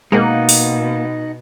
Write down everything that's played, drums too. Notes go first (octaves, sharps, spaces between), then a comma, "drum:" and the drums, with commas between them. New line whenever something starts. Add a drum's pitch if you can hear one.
B2 G#3 A#3 C4 D#4 A#4 F#5
drum: open hi-hat